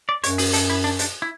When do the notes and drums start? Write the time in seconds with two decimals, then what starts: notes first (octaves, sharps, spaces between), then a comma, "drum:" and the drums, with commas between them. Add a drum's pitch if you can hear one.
0.09 D5
0.24 F#2 C#5, drum: hi-hat
0.38 G#4, drum: open hi-hat
0.53 A4, drum: hi-hat
0.70 E4
0.84 D4
0.99 D4, drum: hi-hat
1.22 E4